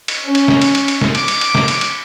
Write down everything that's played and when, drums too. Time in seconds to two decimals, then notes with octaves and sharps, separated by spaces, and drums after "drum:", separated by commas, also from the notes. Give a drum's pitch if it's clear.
0.08 drum: cymbal
0.25 C#4
0.35 drum: cymbal
0.48 drum: snare
0.62 drum: cymbal
0.75 drum: cymbal
0.88 drum: cymbal
1.01 drum: snare
1.15 D6, drum: cymbal
1.28 drum: cymbal
1.41 drum: cymbal
1.55 drum: snare
1.68 drum: cymbal
1.81 drum: cymbal